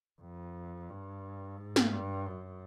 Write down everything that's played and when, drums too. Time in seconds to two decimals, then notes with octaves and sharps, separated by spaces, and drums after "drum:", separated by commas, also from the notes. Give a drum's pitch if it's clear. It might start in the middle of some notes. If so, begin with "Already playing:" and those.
0.21 F2
0.90 G2
1.58 G#2
1.76 drum: snare
1.92 G2
2.27 F#2